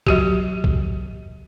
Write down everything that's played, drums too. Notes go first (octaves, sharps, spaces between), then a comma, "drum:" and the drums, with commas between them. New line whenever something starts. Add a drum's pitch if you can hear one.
F#3 F#4 G4, drum: kick
drum: kick